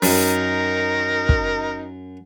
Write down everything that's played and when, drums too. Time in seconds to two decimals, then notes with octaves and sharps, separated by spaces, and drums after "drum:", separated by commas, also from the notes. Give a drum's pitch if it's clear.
0.02 F#2 D#4 A#4, drum: open hi-hat
1.29 drum: kick